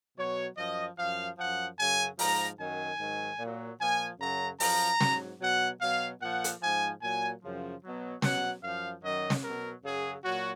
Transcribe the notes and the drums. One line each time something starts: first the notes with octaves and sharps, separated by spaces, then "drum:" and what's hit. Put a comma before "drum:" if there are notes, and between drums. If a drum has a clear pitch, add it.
B2 F#3 C#5
F#2 F3 D#5
F#2 F3 F5
F#2 F3 F#5
F#2 C#3 F#3 G#5
G#2 F3 A#5, drum: open hi-hat
F#2 D#3 F#3 G#5
G#2 D#3 F#3
A#2
F#3
A#2 F3 G#5
F#2 C#3 F#3 A#5
F#2 F3 A#5, drum: open hi-hat
G#2 F#3, drum: snare
B2 F#3 F#5
B2 F#3 F5
A#2 F3 F#5
drum: hi-hat
G#2 F3 G#5
A#2 F#3 G#5
F#2 C#3 F3
B2 F#3
B2 F#3 F#5, drum: snare
F#2 F3 F5
F#2 D#3 F#3 D#5
drum: snare
B2 F#3 A#4
F#2 C#3 F#3 G#4
A#2 F#3 F#4